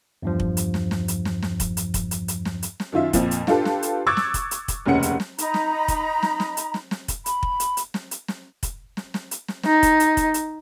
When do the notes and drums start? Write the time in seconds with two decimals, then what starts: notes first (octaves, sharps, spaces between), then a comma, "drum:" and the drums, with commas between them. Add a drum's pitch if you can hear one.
0.22 E2 G2 F3
0.40 drum: kick
0.57 drum: hi-hat
0.74 drum: snare
0.91 drum: snare
1.08 drum: hi-hat
1.25 drum: snare
1.42 drum: snare
1.60 drum: kick, hi-hat
1.77 drum: hi-hat
1.94 drum: kick, hi-hat
2.11 drum: hi-hat
2.28 drum: hi-hat
2.45 drum: snare
2.63 drum: hi-hat
2.80 drum: snare
2.92 F#2 D#3 F4 E5
3.13 F2 A#2 F3, drum: kick, hi-hat
3.31 drum: hi-hat
3.47 D4 F4 G4 A4 B4, drum: snare
3.65 drum: snare
3.83 drum: hi-hat
4.07 C#6 D6 E6 F#6 G#6 A6
4.17 drum: snare
4.34 drum: kick, hi-hat
4.51 drum: hi-hat
4.68 drum: kick, hi-hat
4.86 F1 D#2 C#3 C#4 F#5 C#7
5.03 drum: hi-hat
5.20 drum: snare
5.38 D#4 A#5 B5, drum: hi-hat
5.54 drum: snare
5.88 drum: kick, hi-hat
6.23 drum: snare
6.40 drum: snare
6.57 drum: hi-hat
6.74 drum: snare
6.91 drum: snare
7.08 drum: kick, hi-hat
7.26 B5, drum: hi-hat
7.43 drum: kick
7.60 drum: hi-hat
7.77 drum: hi-hat
7.94 drum: snare
8.11 drum: hi-hat
8.28 drum: snare
8.63 drum: kick, hi-hat
8.97 drum: snare
9.14 drum: snare
9.31 drum: hi-hat
9.48 drum: snare
9.63 D#4, drum: snare
9.83 drum: kick, hi-hat
10.00 drum: hi-hat
10.17 drum: kick, hi-hat
10.34 drum: hi-hat